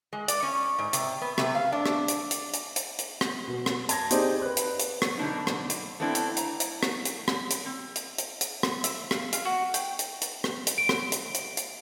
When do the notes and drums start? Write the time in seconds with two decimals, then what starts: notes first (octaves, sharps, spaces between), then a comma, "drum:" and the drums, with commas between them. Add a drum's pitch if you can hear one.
0.13 G#3
0.28 D5, drum: hi-hat
0.43 C#4
0.79 G#2
0.93 C3, drum: hi-hat
1.22 B3
1.38 C3, drum: rim click
1.55 F5
1.72 D4
1.86 drum: rim click
2.08 drum: hi-hat
2.31 drum: hi-hat
2.53 drum: hi-hat
2.76 drum: hi-hat
2.98 drum: hi-hat
3.21 drum: rim click
3.48 B2
3.66 drum: rim click
3.89 A5 G#6 A#6, drum: hi-hat
4.10 C4 D#4 G4 G#4 C5 D5, drum: hi-hat
4.42 B4 F#6
4.57 drum: hi-hat
4.79 drum: hi-hat
5.02 drum: rim click
5.18 F#2 B2 D3 D4 D#4
5.47 drum: rim click
5.70 drum: hi-hat
6.00 A3 B3 C4 D4 E4
6.15 drum: hi-hat
6.37 A#5, drum: hi-hat
6.60 drum: hi-hat
6.83 drum: rim click
7.05 drum: hi-hat
7.28 drum: rim click
7.50 drum: hi-hat
7.66 C4
7.96 drum: hi-hat
8.18 drum: hi-hat
8.41 drum: hi-hat
8.63 drum: rim click
8.84 E5, drum: hi-hat
9.11 F5, drum: rim click
9.33 F5, drum: hi-hat
9.45 F#4
9.74 G5, drum: hi-hat
9.99 drum: hi-hat
10.21 drum: hi-hat
10.44 drum: rim click
10.67 drum: hi-hat
10.78 D7
10.89 drum: rim click
11.12 drum: hi-hat
11.34 drum: hi-hat
11.57 drum: hi-hat